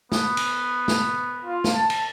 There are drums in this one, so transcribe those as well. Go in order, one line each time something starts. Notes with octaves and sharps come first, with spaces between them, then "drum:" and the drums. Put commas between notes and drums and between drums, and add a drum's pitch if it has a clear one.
B3, drum: snare
drum: cymbal
drum: snare
F4
drum: snare
A5
drum: cymbal